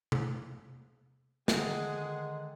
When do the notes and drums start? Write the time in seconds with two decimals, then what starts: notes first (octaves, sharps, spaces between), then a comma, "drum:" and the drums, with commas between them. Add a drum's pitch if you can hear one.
0.12 drum: tom C3
1.48 D3 D#3 G#3 G#4 F#5, drum: snare